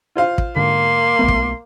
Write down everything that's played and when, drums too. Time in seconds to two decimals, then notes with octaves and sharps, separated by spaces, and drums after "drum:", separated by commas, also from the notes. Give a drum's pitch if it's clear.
0.15 F4 C5 F5
0.38 drum: kick
0.56 G#2 D3 A#3 C6
1.19 B1 A3 B3
1.28 drum: kick